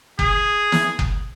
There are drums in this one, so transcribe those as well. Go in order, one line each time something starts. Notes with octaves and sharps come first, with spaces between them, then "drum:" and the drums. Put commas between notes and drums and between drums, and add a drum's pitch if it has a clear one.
G#4, drum: kick F#1
drum: snare
drum: kick F#1